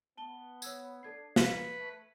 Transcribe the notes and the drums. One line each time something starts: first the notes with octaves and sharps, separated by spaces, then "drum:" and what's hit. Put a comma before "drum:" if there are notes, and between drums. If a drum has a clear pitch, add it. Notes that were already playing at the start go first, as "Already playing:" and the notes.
B3 A5 G7
C#5 E6 G#6, drum: tambourine
D4 A4 G#6 C7
A#3 F4 B4 G#6 C#7, drum: snare
A3